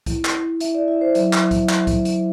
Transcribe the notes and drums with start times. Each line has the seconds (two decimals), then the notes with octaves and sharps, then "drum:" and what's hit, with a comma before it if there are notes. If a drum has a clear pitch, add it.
0.06 E4, drum: kick C2, hi-hat
0.25 drum: clap
0.34 E4
0.60 E4 E5, drum: hi-hat
0.75 D5
0.88 E4 E5
1.01 C5
1.15 F#3 E5, drum: hi-hat
1.33 drum: clap
1.51 drum: kick C2, hi-hat
1.69 drum: clap
1.87 drum: kick C2, hi-hat
2.05 drum: hi-hat